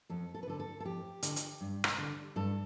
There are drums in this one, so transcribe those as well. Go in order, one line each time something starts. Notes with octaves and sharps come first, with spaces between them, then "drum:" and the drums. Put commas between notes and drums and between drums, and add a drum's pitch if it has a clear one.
F2 A4
A4
B4
D3 A4
A4
A4
F2 G4
D3, drum: hi-hat
drum: hi-hat
G2
drum: rim click
D3
G2 A4